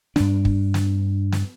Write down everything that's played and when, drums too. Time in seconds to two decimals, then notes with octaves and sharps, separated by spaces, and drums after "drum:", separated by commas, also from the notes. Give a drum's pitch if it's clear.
0.16 G2 D4, drum: snare
0.45 drum: kick
0.74 drum: snare
1.32 drum: snare